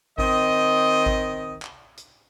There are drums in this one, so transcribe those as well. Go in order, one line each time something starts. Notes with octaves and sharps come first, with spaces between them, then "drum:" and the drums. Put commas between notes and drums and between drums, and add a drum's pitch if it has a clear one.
D#3 C4 D#5, drum: kick G#1
drum: kick G#1
drum: clap
drum: hi-hat